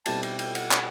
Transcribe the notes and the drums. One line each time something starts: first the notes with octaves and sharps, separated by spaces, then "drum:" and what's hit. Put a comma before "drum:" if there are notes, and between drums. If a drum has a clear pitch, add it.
B2 G3 C4 E4 G4 A5, drum: cymbal
G5, drum: cymbal
G5, drum: cymbal
F#5, drum: cymbal
drum: clap